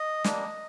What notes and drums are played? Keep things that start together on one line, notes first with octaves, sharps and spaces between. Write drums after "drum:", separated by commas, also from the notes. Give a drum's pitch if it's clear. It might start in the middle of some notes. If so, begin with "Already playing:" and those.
Already playing: D#5
G3 A#3 D4, drum: snare